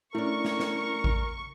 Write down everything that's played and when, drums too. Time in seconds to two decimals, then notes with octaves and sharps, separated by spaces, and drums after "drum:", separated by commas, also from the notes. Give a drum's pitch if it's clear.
0.15 A3 C#4 D4 E4 A#4 C#6
0.45 drum: snare
0.59 drum: snare
1.04 drum: kick A1